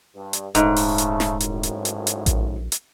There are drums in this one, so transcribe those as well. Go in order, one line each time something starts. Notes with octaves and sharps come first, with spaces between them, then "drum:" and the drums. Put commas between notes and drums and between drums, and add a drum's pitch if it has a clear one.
G2
drum: hi-hat
D#1 G#2 C#3 A3, drum: hi-hat
drum: open hi-hat
drum: hi-hat
drum: snare
G#1 F#2 A2, drum: hi-hat
drum: hi-hat
drum: hi-hat
drum: hi-hat
A#1, drum: kick A1, hi-hat
drum: hi-hat